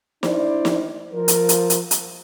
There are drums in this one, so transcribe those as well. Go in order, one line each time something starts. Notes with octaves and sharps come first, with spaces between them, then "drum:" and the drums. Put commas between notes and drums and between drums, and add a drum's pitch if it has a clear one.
D4 E4 C5 D5, drum: snare
drum: snare
F3 A#4
drum: hi-hat
drum: hi-hat
drum: hi-hat
drum: hi-hat